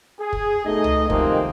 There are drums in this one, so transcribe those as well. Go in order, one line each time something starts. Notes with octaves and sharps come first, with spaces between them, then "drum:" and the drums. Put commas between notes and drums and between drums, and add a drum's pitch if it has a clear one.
G#4
drum: kick
B2 A3 D#4 D#5
drum: tom C#2
C3 D#3 F3 G#3 A#3 C4, drum: kick